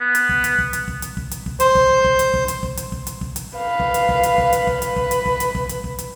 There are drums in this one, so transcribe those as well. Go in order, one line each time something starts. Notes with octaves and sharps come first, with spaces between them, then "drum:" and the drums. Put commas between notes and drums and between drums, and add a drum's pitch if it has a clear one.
B3
drum: hi-hat
drum: kick
drum: hi-hat
drum: kick
drum: hi-hat
drum: kick
drum: hi-hat
drum: kick
drum: hi-hat
drum: kick
C5, drum: hi-hat
drum: kick
drum: kick
drum: hi-hat
drum: kick
drum: hi-hat
drum: kick
drum: hi-hat
drum: kick
drum: hi-hat
drum: kick
drum: hi-hat
B4 F5
drum: kick
drum: hi-hat
drum: kick
drum: hi-hat
drum: kick
drum: hi-hat
drum: kick
B4, drum: hi-hat
drum: kick
drum: hi-hat
drum: kick
drum: hi-hat
drum: kick
drum: hi-hat
drum: kick
drum: hi-hat